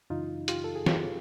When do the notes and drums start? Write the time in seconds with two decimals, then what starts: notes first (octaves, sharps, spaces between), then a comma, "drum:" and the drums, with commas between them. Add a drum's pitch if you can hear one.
0.10 F#2 C#3 E3 D#4 F4
0.48 F4 G4, drum: hi-hat
0.64 A4
0.76 G#4
0.86 F4 G4, drum: snare